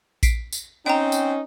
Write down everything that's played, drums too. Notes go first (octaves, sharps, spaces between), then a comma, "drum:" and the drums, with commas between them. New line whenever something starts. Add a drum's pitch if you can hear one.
B6 C7 D7, drum: kick A1, tambourine
drum: tambourine
C4 C#4 D#4 G5 A#5
drum: tambourine